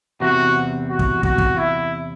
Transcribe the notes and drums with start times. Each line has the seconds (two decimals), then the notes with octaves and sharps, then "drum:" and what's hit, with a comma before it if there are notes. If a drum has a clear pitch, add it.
0.20 E2 C3 E3 C4 F#4
0.89 F#4
0.99 drum: kick
1.23 F#4, drum: kick
1.38 drum: kick
1.58 E4